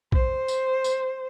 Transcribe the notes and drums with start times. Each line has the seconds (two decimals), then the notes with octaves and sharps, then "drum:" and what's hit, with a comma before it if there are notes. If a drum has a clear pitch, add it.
0.12 C5, drum: kick
0.48 drum: tambourine
0.84 drum: tambourine